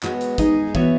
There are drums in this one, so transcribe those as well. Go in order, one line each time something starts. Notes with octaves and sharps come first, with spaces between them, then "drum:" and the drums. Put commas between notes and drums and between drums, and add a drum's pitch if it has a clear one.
G#3 B3 F#4 C#5, drum: clap
drum: hi-hat
G#3 D#4 G#4 D#5, drum: kick, hi-hat
E3 B3 F#4 C#5 E5, drum: kick